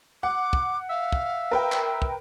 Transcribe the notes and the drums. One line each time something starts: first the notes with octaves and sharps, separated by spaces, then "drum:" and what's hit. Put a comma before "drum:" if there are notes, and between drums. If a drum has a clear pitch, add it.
F#5 D6
drum: kick
E5 F5
drum: kick
A#4 B4 G5
drum: clap
drum: kick